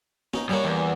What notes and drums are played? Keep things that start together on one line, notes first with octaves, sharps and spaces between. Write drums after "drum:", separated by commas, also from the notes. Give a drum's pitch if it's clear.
C#4 D#4, drum: snare
F#2 G3 A#3 D4 C#5
E2